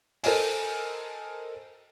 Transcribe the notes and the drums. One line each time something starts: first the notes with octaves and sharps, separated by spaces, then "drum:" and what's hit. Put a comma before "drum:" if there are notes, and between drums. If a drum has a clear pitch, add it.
A4 A#4 C5 D#5 G#5, drum: open hi-hat